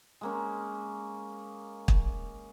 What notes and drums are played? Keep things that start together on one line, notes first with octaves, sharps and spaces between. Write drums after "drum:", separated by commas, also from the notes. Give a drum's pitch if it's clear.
G#3 A#3 C#4
drum: kick